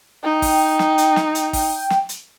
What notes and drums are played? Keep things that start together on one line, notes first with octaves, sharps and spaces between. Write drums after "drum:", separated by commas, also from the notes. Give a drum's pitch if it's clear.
D#4 G5
drum: kick, open hi-hat
drum: snare
drum: hi-hat
drum: snare
drum: hi-hat
drum: kick, open hi-hat
drum: snare
drum: hi-hat